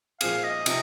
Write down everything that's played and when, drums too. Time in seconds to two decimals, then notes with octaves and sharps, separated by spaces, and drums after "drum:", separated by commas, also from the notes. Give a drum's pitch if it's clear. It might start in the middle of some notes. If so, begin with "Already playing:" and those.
0.21 A#2 F3 C4 G#4 F5, drum: cymbal
0.44 D#5
0.66 C3 F3, drum: cymbal